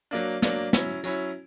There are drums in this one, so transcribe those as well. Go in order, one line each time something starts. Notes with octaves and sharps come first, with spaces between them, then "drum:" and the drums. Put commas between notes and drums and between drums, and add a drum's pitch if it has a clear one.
F#3 A#3 D4
F#3 A#3 D4, drum: snare
F#3 C#4 E4, drum: snare
F#3 C#4 E4, drum: tambourine